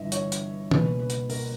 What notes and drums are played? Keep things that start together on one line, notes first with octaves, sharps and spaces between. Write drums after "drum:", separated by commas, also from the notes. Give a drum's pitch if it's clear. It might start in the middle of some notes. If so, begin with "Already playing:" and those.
Already playing: G1 G2 E3 D#5 E5
C#5, drum: hi-hat
drum: hi-hat
C#2 B2 A#3 C#4 B4, drum: tom
B4
drum: hi-hat
A#4, drum: open hi-hat